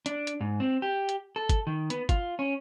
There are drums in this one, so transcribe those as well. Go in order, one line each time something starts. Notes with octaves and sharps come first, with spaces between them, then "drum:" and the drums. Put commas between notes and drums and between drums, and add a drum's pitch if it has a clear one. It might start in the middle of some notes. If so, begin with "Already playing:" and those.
D4, drum: hi-hat
drum: hi-hat
G#2
C4
G4
drum: hi-hat
A4
drum: kick G1, hi-hat
D#3
B3, drum: hi-hat
F4, drum: kick G1, hi-hat
C#4